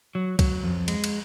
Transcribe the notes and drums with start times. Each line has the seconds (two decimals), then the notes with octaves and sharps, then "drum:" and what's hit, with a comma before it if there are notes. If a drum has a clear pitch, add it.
0.15 F#3
0.39 F#3, drum: kick, cymbal
0.64 F2
0.88 G#3, drum: cymbal
1.04 drum: cymbal